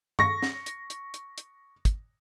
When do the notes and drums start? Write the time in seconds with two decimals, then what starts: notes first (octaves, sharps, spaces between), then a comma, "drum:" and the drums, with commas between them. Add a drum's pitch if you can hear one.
0.19 C#6 A#6, drum: tom G2
0.42 drum: snare
0.66 drum: hi-hat
0.90 drum: hi-hat
1.14 drum: hi-hat
1.38 drum: hi-hat
1.85 drum: kick, hi-hat